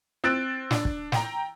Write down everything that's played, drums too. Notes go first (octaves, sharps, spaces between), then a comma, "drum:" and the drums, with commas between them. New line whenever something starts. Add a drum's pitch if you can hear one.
C4 E6 F#6 A6 D7
D4, drum: snare
drum: kick
G5 A#5, drum: snare